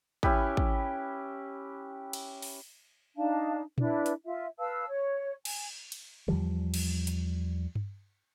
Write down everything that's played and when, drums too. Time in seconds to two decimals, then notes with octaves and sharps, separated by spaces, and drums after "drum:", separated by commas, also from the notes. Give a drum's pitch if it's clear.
0.23 C#4 E4 G4 B4, drum: kick
0.57 drum: kick
2.13 drum: cymbal
2.42 drum: open hi-hat
3.16 D4 D#4 F5 A5
3.78 D4 E4 B4, drum: tom A#2
4.06 drum: hi-hat
4.25 F4 E5
4.59 B4 F5 A5 E6
4.87 C#5
5.45 G#5, drum: cymbal
5.92 drum: cymbal
6.28 E2 F3 G3, drum: tom D3
6.74 drum: cymbal
7.07 drum: hi-hat
7.75 drum: tom G2